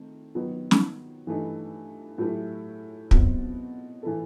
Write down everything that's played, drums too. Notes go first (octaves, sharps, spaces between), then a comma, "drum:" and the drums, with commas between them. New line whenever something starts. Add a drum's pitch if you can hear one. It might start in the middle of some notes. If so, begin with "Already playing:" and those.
Already playing: D#3 A3 C4
D#3 F#3 B3
drum: snare
G2 E3 A3 D#4
A2 F#3 A3 E4 G4
B2 F#3 C4 F#4, drum: kick
A2 E3 A3 E4 A4